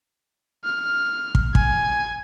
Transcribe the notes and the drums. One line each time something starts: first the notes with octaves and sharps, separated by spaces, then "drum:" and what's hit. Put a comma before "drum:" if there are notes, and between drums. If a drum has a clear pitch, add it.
F6
drum: kick
G#5, drum: kick